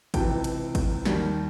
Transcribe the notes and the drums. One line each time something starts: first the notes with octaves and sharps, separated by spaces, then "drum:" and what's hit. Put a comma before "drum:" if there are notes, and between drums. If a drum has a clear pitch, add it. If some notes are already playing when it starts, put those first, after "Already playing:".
C#2 C3 E3 G5 A5, drum: kick G#1, cymbal
drum: cymbal
drum: kick G#1, cymbal
D#2 D#3 G3, drum: snare